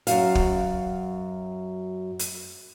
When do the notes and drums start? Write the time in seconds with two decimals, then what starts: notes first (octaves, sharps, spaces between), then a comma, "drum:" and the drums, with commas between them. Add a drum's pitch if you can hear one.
0.07 F#2 F#4 F5, drum: hi-hat
0.35 drum: kick
2.19 drum: hi-hat